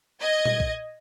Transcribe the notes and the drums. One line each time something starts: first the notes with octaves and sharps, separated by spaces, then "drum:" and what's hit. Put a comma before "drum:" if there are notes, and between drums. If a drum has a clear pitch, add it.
D#5 G#6
drum: tom A#2
drum: kick B1